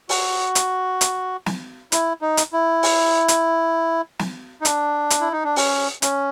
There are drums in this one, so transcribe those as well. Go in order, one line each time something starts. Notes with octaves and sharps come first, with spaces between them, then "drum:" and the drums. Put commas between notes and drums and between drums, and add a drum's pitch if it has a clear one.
F#4, drum: open hi-hat
drum: hi-hat
drum: hi-hat
drum: snare
E4, drum: hi-hat
D#4
drum: hi-hat
E4
drum: open hi-hat
drum: hi-hat
drum: snare
D#4
D4, drum: hi-hat
drum: hi-hat
E4
D#4
D4
C#4, drum: open hi-hat
C#4, drum: hi-hat